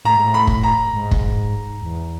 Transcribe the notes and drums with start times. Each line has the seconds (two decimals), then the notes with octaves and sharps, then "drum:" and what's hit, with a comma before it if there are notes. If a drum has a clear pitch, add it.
0.05 A2 A#5
0.15 G#2
0.24 A2
0.34 B5
0.47 drum: kick
0.63 A#5
0.93 G#2
1.11 drum: kick
1.82 E2